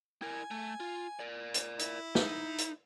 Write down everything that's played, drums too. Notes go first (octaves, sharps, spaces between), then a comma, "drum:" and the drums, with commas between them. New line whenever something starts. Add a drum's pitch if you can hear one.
E4 A#4 G#5
A3
F4
A#4 D5
drum: hi-hat
E4, drum: hi-hat
D#4, drum: snare
drum: hi-hat